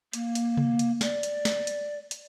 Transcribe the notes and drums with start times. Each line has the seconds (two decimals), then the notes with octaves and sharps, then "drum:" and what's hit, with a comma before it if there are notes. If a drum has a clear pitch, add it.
0.13 A#3, drum: hi-hat
0.35 drum: hi-hat
0.57 drum: tom C3
0.79 drum: hi-hat
1.01 D5, drum: snare
1.23 drum: hi-hat
1.45 drum: snare
1.67 drum: hi-hat
2.11 drum: hi-hat